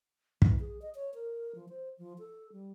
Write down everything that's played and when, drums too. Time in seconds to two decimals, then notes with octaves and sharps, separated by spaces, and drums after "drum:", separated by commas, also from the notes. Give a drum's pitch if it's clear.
0.42 E3, drum: kick
0.60 G#4
0.82 D#5
0.95 C#5
1.14 A#4
1.55 F3
1.69 C5
1.99 F3
2.19 A4
2.52 G3